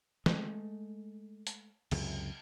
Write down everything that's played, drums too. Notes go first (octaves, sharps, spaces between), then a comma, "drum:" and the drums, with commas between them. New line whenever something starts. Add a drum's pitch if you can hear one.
G#3 A3, drum: snare
drum: hi-hat
C#2 F#2 C3, drum: cymbal